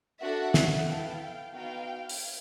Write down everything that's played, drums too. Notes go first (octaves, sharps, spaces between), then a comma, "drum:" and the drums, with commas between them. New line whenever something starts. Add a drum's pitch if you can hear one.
D4 F#4 A4 E5 F#5
drum: snare
B3 E4 A4 F5 G5
B3 D#4 F#4 F5 G5
drum: open hi-hat